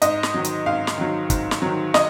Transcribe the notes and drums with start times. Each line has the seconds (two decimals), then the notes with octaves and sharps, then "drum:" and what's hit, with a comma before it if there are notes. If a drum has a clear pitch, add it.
0.02 G#2 D#5, drum: hi-hat
0.23 drum: snare
0.34 D#3 F#3
0.45 drum: hi-hat
0.66 G#2 F5
0.87 drum: snare
0.98 D#3 F#3
1.30 G#2, drum: kick, hi-hat
1.51 drum: snare
1.62 D#3 F#3
1.94 D#5, drum: snare